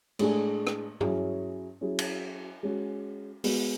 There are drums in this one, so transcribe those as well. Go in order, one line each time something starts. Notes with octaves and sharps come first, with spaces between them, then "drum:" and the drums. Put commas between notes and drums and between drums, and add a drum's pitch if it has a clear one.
A2 G#3 D4 G#4, drum: cymbal
drum: rim click
F#3 C#4 E4 G#4, drum: tom G2
F#3 C#4 E4 G#4
drum: cymbal
G#3 C#4 F#4
G#3 B3 F#4, drum: open hi-hat